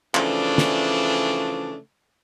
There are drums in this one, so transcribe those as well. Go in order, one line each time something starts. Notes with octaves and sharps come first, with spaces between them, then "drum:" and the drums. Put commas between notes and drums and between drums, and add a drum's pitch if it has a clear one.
C#3 E3 F3 A3 D4, drum: clap
drum: snare